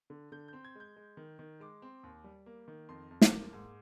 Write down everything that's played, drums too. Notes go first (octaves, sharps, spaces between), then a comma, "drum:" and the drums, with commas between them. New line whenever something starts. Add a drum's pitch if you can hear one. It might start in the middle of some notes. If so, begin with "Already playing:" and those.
D3
D3 G6
C4 G6
G#6
G#3 G6
G#3
D#3
D#3
G#3 D6
C4
D#2
G3
A#3
D#3
F2 C6
F2
D6, drum: snare
A#3
G#2